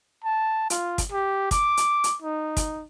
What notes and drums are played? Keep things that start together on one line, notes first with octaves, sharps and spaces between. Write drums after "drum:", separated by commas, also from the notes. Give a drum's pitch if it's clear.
A5
F4, drum: hi-hat
drum: kick, hi-hat
G4
D6, drum: kick, hi-hat
drum: hi-hat
drum: hi-hat
D#4
drum: kick, hi-hat